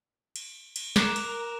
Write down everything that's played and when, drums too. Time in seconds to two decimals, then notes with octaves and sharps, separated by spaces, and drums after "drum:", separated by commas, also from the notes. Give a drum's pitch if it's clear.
0.36 drum: cymbal
0.76 drum: cymbal
0.96 A#4 D6 F#6 E7, drum: snare
1.16 drum: cymbal